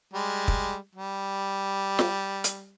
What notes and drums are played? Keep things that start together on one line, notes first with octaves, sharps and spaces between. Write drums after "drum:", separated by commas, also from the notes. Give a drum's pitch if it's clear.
G3 G#3
drum: kick
G3
drum: snare
drum: hi-hat